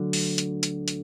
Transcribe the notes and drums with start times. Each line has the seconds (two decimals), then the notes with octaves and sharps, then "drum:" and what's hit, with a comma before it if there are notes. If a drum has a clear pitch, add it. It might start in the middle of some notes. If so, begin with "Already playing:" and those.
Already playing: D2 D3 F#3
0.13 drum: open hi-hat
0.38 drum: hi-hat
0.63 drum: hi-hat
0.88 drum: hi-hat